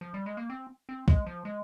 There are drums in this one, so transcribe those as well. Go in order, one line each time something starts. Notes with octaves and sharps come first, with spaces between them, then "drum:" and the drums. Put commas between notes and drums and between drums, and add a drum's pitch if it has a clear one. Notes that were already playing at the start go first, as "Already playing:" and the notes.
F3
G3
G#3
A#3
C4
C4
G#3, drum: kick B1
F3
G#3